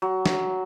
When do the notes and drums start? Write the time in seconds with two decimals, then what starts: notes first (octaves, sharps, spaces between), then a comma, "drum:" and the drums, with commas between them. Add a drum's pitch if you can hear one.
0.02 F#3
0.26 drum: snare